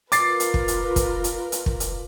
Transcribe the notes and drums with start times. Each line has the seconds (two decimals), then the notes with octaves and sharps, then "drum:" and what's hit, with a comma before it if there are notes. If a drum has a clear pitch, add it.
0.12 F4 A#4 B4 D6 A6 C7, drum: hi-hat
0.40 drum: hi-hat
0.54 drum: kick
0.68 drum: hi-hat
0.96 drum: kick, hi-hat
1.24 drum: hi-hat
1.52 drum: hi-hat
1.66 drum: kick
1.80 drum: hi-hat